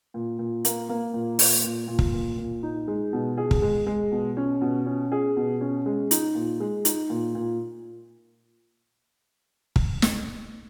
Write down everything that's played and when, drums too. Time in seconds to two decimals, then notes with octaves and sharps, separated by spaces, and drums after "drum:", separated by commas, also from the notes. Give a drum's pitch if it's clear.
0.14 A#2
0.39 A#2
0.65 A#3, drum: hi-hat
0.89 A#3
1.14 A#2
1.39 A#2, drum: open hi-hat
1.64 A#2
1.88 A#2
1.99 drum: kick
2.13 A#2
2.38 A#2
2.63 D#4
2.88 G#3
3.13 B2
3.37 G#4
3.51 drum: kick
3.62 G#3
3.87 G#3
4.12 B2
4.37 C#4
4.61 B2
4.86 C#4
5.12 G#4
5.37 B2
5.61 C#4
5.86 G#3
6.11 D#4, drum: hi-hat
6.35 A#2
6.60 G#3
6.85 D#4, drum: hi-hat
7.10 A#2
7.35 A#2
9.76 drum: kick
10.02 drum: snare